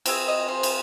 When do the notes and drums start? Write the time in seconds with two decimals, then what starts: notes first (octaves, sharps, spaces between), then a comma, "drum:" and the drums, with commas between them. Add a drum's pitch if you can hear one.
0.06 C4 F4 G#4, drum: cymbal
0.28 D#5
0.48 C5
0.63 drum: cymbal